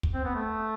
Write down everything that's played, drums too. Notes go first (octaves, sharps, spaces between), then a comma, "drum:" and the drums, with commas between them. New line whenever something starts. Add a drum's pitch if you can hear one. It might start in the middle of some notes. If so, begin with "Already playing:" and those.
drum: kick
C4
B3
A3